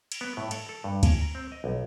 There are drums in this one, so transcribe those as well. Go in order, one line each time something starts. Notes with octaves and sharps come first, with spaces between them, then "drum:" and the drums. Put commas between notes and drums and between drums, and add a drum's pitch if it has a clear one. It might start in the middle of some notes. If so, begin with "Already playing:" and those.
drum: cymbal
B3
A2
A4, drum: cymbal
A4
G2
G#5, drum: kick D2, cymbal
A#5
C4
D#5
B1